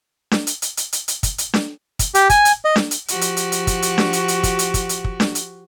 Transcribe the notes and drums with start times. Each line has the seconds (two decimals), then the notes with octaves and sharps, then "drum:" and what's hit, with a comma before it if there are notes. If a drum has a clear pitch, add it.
0.31 drum: snare D4
0.47 drum: hi-hat
0.62 drum: hi-hat
0.77 drum: hi-hat
0.93 drum: hi-hat
1.08 drum: hi-hat
1.23 drum: kick, hi-hat
1.38 drum: hi-hat
1.54 drum: snare D4
1.99 drum: kick, hi-hat
2.15 G4, drum: hi-hat
2.30 G#5, drum: kick, hi-hat
2.45 drum: hi-hat
2.65 D#5
2.76 drum: snare D4
2.91 drum: hi-hat
3.08 F3 F#4 G4, drum: hi-hat
3.21 drum: hi-hat
3.37 drum: hi-hat
3.52 drum: hi-hat
3.67 drum: kick, hi-hat
3.82 drum: hi-hat
3.98 drum: snare D4
4.13 drum: hi-hat
4.28 drum: hi-hat
4.43 drum: kick, hi-hat
4.59 drum: hi-hat
4.74 drum: kick, hi-hat
4.89 drum: hi-hat
5.04 drum: kick
5.20 drum: snare D4
5.35 drum: hi-hat